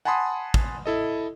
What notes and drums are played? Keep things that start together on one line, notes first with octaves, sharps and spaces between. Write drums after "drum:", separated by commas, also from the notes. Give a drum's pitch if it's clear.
F#5 G#5 A5 B5 C6 D#6
drum: kick
E4 A4 D#5